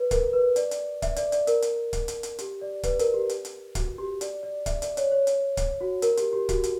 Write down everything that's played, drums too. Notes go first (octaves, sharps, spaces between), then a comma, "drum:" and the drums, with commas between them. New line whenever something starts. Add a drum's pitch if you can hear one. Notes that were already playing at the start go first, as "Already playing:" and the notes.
Already playing: B4
A#4, drum: kick, hi-hat
B4
D5, drum: hi-hat
drum: hi-hat
E5, drum: kick, hi-hat
D5, drum: hi-hat
D5, drum: hi-hat
A#4, drum: hi-hat
drum: hi-hat
drum: kick, hi-hat
drum: hi-hat
drum: hi-hat
G4, drum: hi-hat
D5
B4, drum: kick, hi-hat
A#4, drum: hi-hat
G4
drum: hi-hat
drum: hi-hat
F#4, drum: kick, hi-hat
G4
D5, drum: hi-hat
D5
E5, drum: kick, hi-hat
D5, drum: hi-hat
C#5, drum: hi-hat
C#5
drum: hi-hat
drum: kick, hi-hat
F#4
A#4, drum: hi-hat
G4, drum: hi-hat
G4
F#4, drum: kick, hi-hat
drum: hi-hat